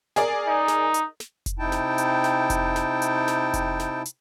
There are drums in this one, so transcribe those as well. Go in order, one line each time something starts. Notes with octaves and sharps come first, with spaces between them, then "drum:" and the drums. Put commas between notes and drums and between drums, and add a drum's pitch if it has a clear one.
G#4 A#4 D5, drum: snare
D#4
drum: snare
drum: hi-hat
drum: snare
drum: kick F1, hi-hat
C3 D#4 E4 G5 A5
drum: snare
drum: hi-hat
drum: snare
drum: kick F1, hi-hat
drum: snare
drum: hi-hat
drum: snare
drum: kick F1, hi-hat
drum: snare
drum: hi-hat